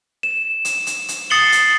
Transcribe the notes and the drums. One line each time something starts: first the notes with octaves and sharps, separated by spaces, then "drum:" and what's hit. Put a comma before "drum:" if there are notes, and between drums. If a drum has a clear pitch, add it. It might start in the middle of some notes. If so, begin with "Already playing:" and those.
E7
drum: hi-hat
drum: hi-hat
drum: hi-hat
D#6 A6 C7 C#7 F#7 G7
drum: hi-hat